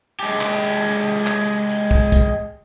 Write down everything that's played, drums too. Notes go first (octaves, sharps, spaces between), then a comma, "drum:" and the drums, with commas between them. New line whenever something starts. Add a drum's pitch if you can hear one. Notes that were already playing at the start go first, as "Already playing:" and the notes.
G#3 G4
drum: clap
drum: hi-hat
drum: clap
drum: hi-hat
drum: kick
drum: kick, hi-hat